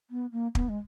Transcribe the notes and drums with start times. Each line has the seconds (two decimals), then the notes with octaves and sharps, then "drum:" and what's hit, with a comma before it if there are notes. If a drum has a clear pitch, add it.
0.11 B3
0.32 A#3
0.55 B3, drum: kick
0.69 G#3